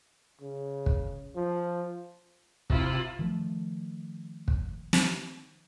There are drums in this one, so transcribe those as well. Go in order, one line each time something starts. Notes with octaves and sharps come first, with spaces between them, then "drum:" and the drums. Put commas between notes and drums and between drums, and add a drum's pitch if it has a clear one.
C#3
drum: kick
F3
C3 E4 F4, drum: kick
D#3 F3 A3
drum: kick
drum: snare